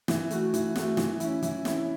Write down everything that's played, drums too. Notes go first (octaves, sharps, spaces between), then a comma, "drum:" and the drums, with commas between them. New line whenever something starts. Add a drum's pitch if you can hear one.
E3, drum: snare
A3 F#4, drum: hi-hat
E3, drum: hi-hat
A3 F#4, drum: snare
E3, drum: snare
C#4 E4, drum: hi-hat
E3, drum: hi-hat
C#4 E4, drum: snare